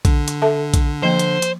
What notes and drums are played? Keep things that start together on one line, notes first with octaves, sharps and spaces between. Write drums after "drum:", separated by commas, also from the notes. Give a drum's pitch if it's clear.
D3, drum: kick A#1, hi-hat
drum: hi-hat
A4 E5 A5
drum: kick A#1, hi-hat
F3 A#3 C5
drum: hi-hat
drum: hi-hat